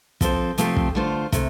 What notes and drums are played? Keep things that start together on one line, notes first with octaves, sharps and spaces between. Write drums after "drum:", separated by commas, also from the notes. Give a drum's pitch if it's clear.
F3 C4 A4 C5, drum: kick, hi-hat
C3 F3 A3 C4 G4, drum: hi-hat
drum: kick
D3 A3 F4 C5
C3 A3, drum: kick, hi-hat